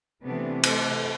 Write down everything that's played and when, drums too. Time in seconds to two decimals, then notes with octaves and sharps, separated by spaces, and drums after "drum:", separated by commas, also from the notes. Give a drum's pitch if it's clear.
0.23 C3 E3 A3 B3 D4
0.63 A4 C5, drum: cymbal